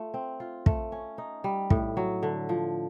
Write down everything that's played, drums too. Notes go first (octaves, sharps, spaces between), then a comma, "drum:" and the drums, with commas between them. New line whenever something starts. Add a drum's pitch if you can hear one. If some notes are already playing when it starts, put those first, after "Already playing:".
Already playing: A3 F4
C4
F4
A3, drum: kick
C#4
D#4
G3
A2, drum: kick
F#3
D3
F3